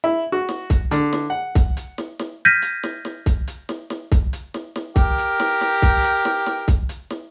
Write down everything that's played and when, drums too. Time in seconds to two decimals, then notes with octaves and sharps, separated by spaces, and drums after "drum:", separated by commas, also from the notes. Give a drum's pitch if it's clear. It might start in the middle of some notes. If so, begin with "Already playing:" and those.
0.04 E4
0.32 F#4
0.49 drum: snare
0.70 drum: kick C2, hi-hat
0.91 D3, drum: hi-hat
1.13 drum: snare
1.30 F#5
1.55 drum: kick C2, hi-hat
1.77 drum: hi-hat
1.98 drum: snare
2.19 drum: snare
2.45 F6 G6 G#6 A#6 B6 D#7
2.62 drum: hi-hat
2.83 drum: snare
3.05 drum: snare
3.26 drum: kick C2, hi-hat
3.48 drum: hi-hat
3.69 drum: snare
3.90 drum: snare
4.12 drum: kick C2, hi-hat
4.33 drum: hi-hat
4.54 drum: snare
4.76 drum: snare
4.96 G4 A#4, drum: kick C2, hi-hat
5.18 drum: hi-hat
5.40 drum: snare
5.61 drum: snare
5.82 drum: kick C2, hi-hat
6.04 drum: hi-hat
6.25 drum: snare
6.46 drum: snare
6.68 drum: kick C2, hi-hat
6.89 drum: hi-hat
7.10 drum: snare